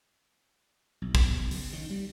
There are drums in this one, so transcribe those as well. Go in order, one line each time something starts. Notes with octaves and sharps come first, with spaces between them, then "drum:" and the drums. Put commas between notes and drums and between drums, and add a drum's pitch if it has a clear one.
B1
drum: kick
C#3, drum: open hi-hat
D#3
G3